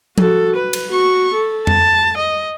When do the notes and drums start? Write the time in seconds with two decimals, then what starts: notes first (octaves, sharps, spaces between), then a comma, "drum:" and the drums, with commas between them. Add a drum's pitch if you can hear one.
0.18 F#4 A4, drum: tom F3
0.56 B4
0.73 drum: cymbal
0.90 F#4 C#6
1.34 A4
1.67 A5, drum: tom F2
2.18 D#5